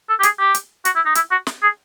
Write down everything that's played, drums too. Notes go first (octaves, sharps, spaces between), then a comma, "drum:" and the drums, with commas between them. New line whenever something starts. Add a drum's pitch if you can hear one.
A4
G4
G#4, drum: hi-hat
G4
drum: hi-hat
F#4, drum: hi-hat
E4
D#4
E4, drum: hi-hat
F#4
drum: snare
G#4